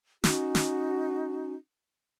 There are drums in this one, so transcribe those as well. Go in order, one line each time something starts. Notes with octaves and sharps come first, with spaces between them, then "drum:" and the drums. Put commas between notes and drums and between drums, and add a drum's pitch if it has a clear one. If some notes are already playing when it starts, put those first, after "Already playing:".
C#4 D#4 F#4, drum: snare
drum: snare